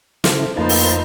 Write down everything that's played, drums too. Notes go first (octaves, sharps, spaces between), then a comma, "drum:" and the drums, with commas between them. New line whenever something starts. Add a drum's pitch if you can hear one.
C#3 E4 A4 C5 F5, drum: snare
F2 A3 A#3 D#4 F4 B4 C5 A5
drum: open hi-hat